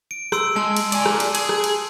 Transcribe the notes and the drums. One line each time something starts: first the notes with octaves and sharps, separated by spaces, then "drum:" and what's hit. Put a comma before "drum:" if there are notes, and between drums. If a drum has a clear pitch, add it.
D7
C6 E6 D7, drum: rim click
G#3 A5
drum: cymbal
D5 G#5, drum: cymbal
drum: rim click
drum: cymbal
G#4, drum: cymbal
drum: rim click
drum: cymbal